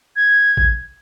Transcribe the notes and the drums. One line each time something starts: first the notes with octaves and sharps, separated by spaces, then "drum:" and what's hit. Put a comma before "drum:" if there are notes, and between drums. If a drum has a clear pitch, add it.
G#6
drum: kick A1